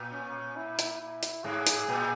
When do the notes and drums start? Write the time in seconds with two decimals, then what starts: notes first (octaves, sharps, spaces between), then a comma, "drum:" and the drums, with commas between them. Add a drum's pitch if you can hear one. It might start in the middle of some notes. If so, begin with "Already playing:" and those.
Already playing: A#2
0.13 C#4
0.56 E4
0.79 drum: hi-hat
1.01 E4
1.23 drum: hi-hat
1.44 G#2 G#4
1.67 drum: hi-hat
1.89 A#2